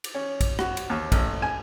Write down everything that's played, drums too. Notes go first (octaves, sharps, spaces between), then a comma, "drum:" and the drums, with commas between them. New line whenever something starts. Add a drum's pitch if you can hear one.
drum: cymbal
C#4
drum: kick, cymbal
F#4, drum: rim click
drum: cymbal
D#2
A1, drum: kick, cymbal
G#5